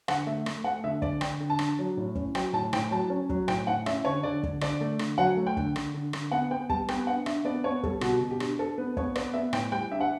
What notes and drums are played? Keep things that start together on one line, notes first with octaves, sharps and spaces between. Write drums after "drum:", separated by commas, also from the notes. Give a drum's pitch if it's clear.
D3 F#5, drum: rim click
A3 E5
A3, drum: rim click
A3 F#5
D3 E5
D3 D5, drum: kick
D3 G5, drum: rim click
D3
A5
D4, drum: rim click
F#3
A2
C#4, drum: kick
F#3 G5, drum: rim click
A2 A5
A2 G5, drum: rim click
F#3 A5
C#4
F#3, drum: kick
A2 G5, drum: rim click
A2 F#5
C#4 E5, drum: rim click
D3 C#5
D3 D5
D3, drum: kick
D3 D5, drum: rim click
A3
D3, drum: rim click
F#3 F#5
A3
G5
D3, drum: kick
D3, drum: rim click
D3
D3, drum: rim click
B3 F#5
B3 G5
G3 A5, drum: kick
B3 G5, drum: rim click
D4 F#5
D4 E5, drum: rim click
B3 D5
B3 C#5
G3 A4, drum: kick
B2 F#4, drum: rim click
B2
G4
D4, drum: rim click
D4 A4
B3 B4
B3 C#5, drum: kick
B3 D5, drum: rim click
B3 E5
A2 G5, drum: rim click
G3 G5
D4 E5
F#5